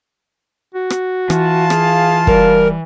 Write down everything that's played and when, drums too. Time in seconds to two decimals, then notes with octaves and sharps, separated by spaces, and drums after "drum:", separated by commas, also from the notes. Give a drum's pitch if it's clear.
0.75 F#4
0.90 drum: rim click
1.30 E3 F4 F5 A5, drum: rim click
1.70 G#4, drum: rim click
2.27 G3 A#4, drum: kick